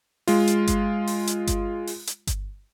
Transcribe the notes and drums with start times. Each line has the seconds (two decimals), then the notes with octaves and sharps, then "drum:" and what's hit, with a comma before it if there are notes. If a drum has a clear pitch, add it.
0.27 G#3 F4, drum: open hi-hat
0.47 drum: hi-hat
0.67 drum: kick G1, hi-hat
1.07 drum: open hi-hat
1.27 drum: hi-hat
1.47 drum: kick G1, hi-hat
1.87 drum: open hi-hat
2.07 drum: hi-hat
2.27 drum: kick G1, hi-hat